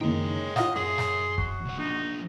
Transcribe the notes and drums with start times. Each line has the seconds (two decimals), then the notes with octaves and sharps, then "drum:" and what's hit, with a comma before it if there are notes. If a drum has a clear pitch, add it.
0.01 F#1 D#3 G#3 D#4 C#5 G5
0.56 F4 D#5 F5 F#5, drum: snare
0.76 F#2 G#4 C6 D#6
0.98 drum: snare
1.38 F#4, drum: kick
1.65 C2 F#5
1.78 F3 D4 D#4